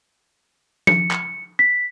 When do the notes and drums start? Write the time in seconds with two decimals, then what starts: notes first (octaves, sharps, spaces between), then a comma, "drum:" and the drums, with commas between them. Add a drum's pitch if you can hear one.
0.87 C#7, drum: tom F3
1.11 drum: clap
1.59 B6